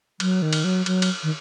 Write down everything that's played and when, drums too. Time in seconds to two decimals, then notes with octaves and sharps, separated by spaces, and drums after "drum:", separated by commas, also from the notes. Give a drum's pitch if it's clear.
0.20 F#3, drum: cymbal
0.42 D#3
0.53 drum: cymbal
0.64 F#3
0.86 F#3, drum: cymbal
1.02 drum: cymbal
1.23 D#3